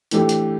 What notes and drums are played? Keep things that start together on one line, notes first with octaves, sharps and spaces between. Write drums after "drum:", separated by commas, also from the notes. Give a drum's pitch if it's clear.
A2 E3 A3 D4 G4, drum: hi-hat
drum: hi-hat